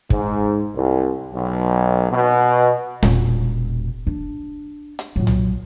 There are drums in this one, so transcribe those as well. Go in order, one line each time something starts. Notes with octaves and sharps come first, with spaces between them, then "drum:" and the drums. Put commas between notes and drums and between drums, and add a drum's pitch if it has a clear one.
G#2, drum: kick
C2
B1
B2
E1 A#2, drum: snare
D4
drum: hi-hat
A#2 F#3
drum: tom